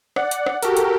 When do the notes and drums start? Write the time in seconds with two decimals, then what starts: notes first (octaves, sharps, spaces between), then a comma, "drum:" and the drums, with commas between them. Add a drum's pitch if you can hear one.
0.16 D5 F#5, drum: rim click
0.31 drum: hi-hat
0.46 drum: rim click
0.63 F#4 G4 A4 A#4, drum: hi-hat
0.77 drum: hi-hat